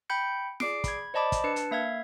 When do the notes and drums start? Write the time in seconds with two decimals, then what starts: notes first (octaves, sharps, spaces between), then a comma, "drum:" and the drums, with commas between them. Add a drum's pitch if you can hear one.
0.10 G5 B5 G6 C#7
0.60 G#4 D5 D6 C7 D7, drum: snare
0.84 B5 G#6, drum: kick, hi-hat
1.14 C5 D5 D#5 A5 B5 D6
1.32 drum: kick, hi-hat
1.44 D4 B4 A5 C#7
1.56 drum: hi-hat
1.71 A#3 E5 F5 G#6